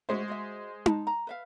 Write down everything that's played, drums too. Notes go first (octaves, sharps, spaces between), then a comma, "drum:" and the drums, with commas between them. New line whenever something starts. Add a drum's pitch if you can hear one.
G#3 F#4 G#4 C5 E5
F#4 D#5 E5
A5, drum: tom D#4
A#5
B4 E5 F5